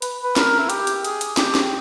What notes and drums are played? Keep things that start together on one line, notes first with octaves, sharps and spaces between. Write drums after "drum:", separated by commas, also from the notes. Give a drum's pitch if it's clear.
B4, drum: hi-hat
B4
A#4, drum: snare
E4
G4, drum: hi-hat
drum: hi-hat
G#4, drum: hi-hat
drum: hi-hat
G4, drum: snare
drum: snare